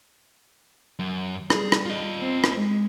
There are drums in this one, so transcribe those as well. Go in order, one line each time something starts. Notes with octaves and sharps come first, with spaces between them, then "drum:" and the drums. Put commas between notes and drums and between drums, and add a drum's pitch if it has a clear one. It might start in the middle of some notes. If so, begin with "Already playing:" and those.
F#2
G3 G#4, drum: rim click
drum: rim click
F4 D#5
C4
drum: rim click
G#3